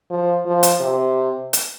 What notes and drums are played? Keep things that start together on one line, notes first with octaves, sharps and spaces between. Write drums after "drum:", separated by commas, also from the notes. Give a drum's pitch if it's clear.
F3
F3
drum: hi-hat
C3
drum: hi-hat